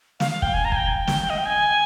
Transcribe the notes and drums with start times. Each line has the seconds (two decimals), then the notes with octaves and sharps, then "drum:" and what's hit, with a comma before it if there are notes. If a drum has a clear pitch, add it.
0.20 F5, drum: snare
0.31 F5
0.42 G5, drum: kick
0.54 G#5
0.65 A#5
0.72 G#5, drum: kick
0.76 G5
1.07 drum: snare
1.22 G5
1.30 D#5
1.38 G5
1.46 G#5